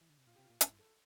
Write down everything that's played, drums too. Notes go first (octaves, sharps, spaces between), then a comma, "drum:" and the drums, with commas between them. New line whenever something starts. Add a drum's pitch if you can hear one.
E3
D3
C3
A#2 F4
C3 G4
F4
A#2
A2 E4, drum: hi-hat
G2
A4